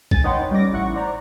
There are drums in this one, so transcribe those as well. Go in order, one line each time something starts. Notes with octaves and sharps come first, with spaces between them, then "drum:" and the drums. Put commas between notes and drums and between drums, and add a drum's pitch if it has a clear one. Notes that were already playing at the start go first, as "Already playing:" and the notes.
G#5 A6, drum: kick A1
D#4 B4 C#5 F#5 G5 C6
G3 C#4 D#4 D6 A#6
A1 E4 F#5 C#6
C5 D5 A#5